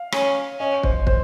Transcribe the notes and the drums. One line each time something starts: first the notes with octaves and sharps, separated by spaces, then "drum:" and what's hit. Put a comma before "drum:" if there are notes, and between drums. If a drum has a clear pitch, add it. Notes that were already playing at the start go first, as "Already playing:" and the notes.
Already playing: F5
C#4, drum: rim click
C#4 D#5
C5, drum: kick
C5, drum: kick